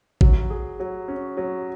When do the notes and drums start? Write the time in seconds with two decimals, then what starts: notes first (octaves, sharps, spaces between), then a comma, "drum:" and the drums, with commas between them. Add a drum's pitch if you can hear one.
0.21 F#3, drum: kick G#1
0.50 G#4
0.80 F#3
1.08 C#4
1.37 F#3